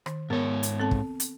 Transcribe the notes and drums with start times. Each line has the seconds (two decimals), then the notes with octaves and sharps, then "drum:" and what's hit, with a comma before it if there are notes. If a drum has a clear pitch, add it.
0.06 D#3, drum: rim click
0.30 G#2 B3 A#4 C#5
0.63 drum: hi-hat
0.80 C4 A4 A5
0.91 drum: kick
1.20 drum: hi-hat